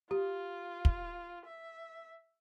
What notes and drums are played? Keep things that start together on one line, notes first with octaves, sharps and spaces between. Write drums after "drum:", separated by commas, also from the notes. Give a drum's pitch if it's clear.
F4 G4
drum: kick
E5